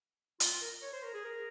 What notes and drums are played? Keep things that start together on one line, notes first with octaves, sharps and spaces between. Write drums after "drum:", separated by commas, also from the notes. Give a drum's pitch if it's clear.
F4, drum: hi-hat
F4
A#4
C#5
C5
A#4
G#4
A#4